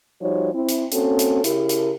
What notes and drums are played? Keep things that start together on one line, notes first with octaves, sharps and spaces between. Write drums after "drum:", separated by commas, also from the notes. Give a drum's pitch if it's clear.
F3 G3 D#4 F#4 C#5
C4 E4
drum: hi-hat
A#3 C4 C#4 F#4 A4, drum: hi-hat
drum: hi-hat
C#3 E4 G4 A#4, drum: hi-hat
drum: hi-hat